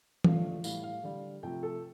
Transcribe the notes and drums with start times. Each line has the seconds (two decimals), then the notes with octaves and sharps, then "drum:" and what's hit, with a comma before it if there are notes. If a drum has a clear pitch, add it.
0.24 D3 F3 A3 F5, drum: tom E3
0.64 A2 E3 G3 F5, drum: tambourine
0.83 F5
1.03 D3 G3
1.43 C3 F3 A3 G5
1.63 A4